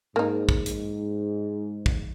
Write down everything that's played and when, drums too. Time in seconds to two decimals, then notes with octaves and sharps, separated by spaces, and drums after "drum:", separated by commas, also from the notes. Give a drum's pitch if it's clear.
0.16 G#2 A#3 D#4
0.49 drum: kick
0.66 drum: hi-hat
1.86 drum: kick